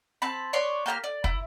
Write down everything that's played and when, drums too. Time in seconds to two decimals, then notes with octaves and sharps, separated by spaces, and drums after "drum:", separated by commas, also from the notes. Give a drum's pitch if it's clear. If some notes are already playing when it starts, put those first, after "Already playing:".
0.22 C4 A5 B5
0.53 B4 C#5 D5 C6
0.86 A#3 G4 G#5 F6
1.04 D5
1.24 E4, drum: kick